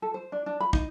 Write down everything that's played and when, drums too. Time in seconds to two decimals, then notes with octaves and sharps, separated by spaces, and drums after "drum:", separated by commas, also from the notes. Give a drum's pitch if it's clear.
0.02 A4
0.14 C5
0.32 D4
0.46 D4
0.60 B5
0.73 D#4, drum: kick